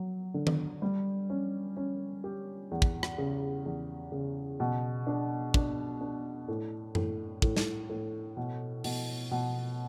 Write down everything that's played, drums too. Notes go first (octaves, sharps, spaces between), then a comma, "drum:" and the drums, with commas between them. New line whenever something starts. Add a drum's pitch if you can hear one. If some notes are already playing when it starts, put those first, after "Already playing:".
Already playing: F#3
D3
drum: tom D#3
G3
C#4
C#4
G4
E2
drum: kick
drum: rim click
C#3
E2
C#3
B2
D4
D4, drum: kick
D4
A2
A2, drum: tom F#2
A2, drum: kick
drum: snare
A2
B2
B2, drum: open hi-hat
B2